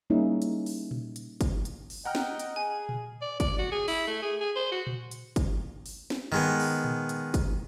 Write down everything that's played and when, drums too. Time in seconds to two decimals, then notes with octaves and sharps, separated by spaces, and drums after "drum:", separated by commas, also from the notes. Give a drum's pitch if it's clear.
0.10 G3 A#3 C#4 D#4 E4 G#4
0.42 drum: hi-hat
0.66 drum: open hi-hat
0.91 drum: tom A#2
1.16 drum: hi-hat
1.41 drum: kick, hi-hat
1.65 drum: hi-hat
1.90 drum: open hi-hat
2.06 D#5 F#5 G5 A#5 F6
2.15 drum: snare C4
2.39 drum: hi-hat
2.56 G#4 G#5
2.89 drum: tom A#2
3.22 D5
3.40 D5, drum: kick, hi-hat
3.59 F#4
3.72 G#4
3.88 E4, drum: open hi-hat
4.07 A3
4.22 G#4
4.40 G#4
4.56 C5
4.72 F#4
4.87 drum: tom A#2
5.11 drum: hi-hat
5.36 drum: kick, hi-hat
5.86 drum: open hi-hat
6.10 drum: snare C4
6.32 D#3 G#3 B3
6.60 drum: open hi-hat
6.85 drum: tom A#2
7.09 drum: hi-hat
7.34 drum: kick, hi-hat